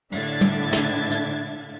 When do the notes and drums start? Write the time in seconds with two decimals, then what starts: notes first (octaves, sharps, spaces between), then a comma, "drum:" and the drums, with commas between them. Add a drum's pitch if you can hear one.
0.12 A2 D3 D4 E5 G#6 A6, drum: cymbal
0.41 drum: tom
0.73 drum: snare
1.11 drum: hi-hat